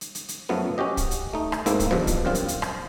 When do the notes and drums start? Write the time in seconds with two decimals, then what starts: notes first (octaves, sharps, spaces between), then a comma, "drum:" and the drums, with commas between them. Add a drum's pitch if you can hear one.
0.01 drum: hi-hat
0.15 drum: hi-hat
0.29 drum: hi-hat
0.49 F#2 F3 F#3 A3 B3
0.78 C#4 F#4 G4 D#5
0.97 drum: kick, hi-hat
1.11 drum: hi-hat
1.33 A3 D#4
1.52 drum: rim click
1.66 G#2 A3 A#3 C4 E4, drum: hi-hat
1.80 drum: kick, hi-hat
1.91 G2 B2 F3, drum: tom
2.07 drum: kick, hi-hat
2.25 F#2 A#2 C4 F4
2.35 drum: hi-hat
2.48 drum: hi-hat
2.62 drum: rim click